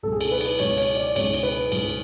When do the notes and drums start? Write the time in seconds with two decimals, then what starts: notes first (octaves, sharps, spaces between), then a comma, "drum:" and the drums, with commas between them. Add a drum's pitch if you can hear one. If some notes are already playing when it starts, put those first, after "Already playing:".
0.03 C#2 B2 F#3 A4
0.12 G#4
0.21 A4, drum: cymbal
0.32 B4
0.41 drum: cymbal
0.59 C#2 B2 F#3 C#5, drum: cymbal
0.78 C#5, drum: cymbal
0.96 D5
1.16 C#2 B2 F#3 C#5, drum: cymbal
1.34 drum: cymbal
1.43 B4
1.72 C#2 B2 F#3, drum: cymbal